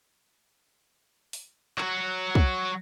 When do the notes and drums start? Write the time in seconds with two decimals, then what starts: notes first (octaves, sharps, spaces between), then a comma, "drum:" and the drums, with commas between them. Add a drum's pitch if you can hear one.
1.33 drum: open hi-hat
1.78 F#3 F#4, drum: clap
2.35 drum: kick